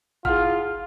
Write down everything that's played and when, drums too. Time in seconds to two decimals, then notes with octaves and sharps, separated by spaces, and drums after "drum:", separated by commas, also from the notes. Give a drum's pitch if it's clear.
0.25 E4 F4 G#4 F#5 F6, drum: kick